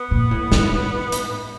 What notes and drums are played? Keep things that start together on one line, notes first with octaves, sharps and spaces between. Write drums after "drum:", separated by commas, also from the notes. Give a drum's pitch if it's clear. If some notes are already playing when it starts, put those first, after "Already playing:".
Already playing: B3
A#2
A2
A2, drum: snare
drum: hi-hat